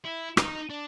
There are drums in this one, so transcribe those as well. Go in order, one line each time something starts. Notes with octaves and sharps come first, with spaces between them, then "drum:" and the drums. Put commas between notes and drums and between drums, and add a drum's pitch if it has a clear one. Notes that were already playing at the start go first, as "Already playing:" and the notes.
E4
D#4, drum: rim click
D4